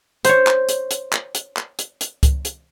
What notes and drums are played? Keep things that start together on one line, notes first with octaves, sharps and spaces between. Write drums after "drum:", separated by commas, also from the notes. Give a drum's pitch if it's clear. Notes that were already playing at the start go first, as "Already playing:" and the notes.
C5 C#5, drum: hi-hat
drum: clap
drum: hi-hat
drum: hi-hat
drum: clap
drum: hi-hat
drum: clap
drum: hi-hat
drum: hi-hat
drum: kick C#2, hi-hat
drum: hi-hat